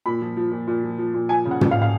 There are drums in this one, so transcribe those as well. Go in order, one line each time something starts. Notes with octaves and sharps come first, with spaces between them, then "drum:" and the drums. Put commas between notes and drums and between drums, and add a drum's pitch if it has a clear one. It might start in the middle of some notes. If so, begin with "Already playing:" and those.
A#2 B5
F3
F3
A#2
A#2
F3
F3
A#2
F3 G#5
C#3
F#5
F2, drum: tom
F5
F5